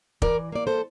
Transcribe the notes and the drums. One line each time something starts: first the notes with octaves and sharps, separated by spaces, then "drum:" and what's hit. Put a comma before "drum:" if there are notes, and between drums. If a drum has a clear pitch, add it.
E3 A#4 D5, drum: kick
A#3 D5
A4 C5